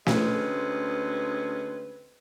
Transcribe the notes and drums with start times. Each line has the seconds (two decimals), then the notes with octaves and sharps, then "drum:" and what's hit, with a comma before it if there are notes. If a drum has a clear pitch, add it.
0.06 D2 G#3 C4 C#4 B4, drum: snare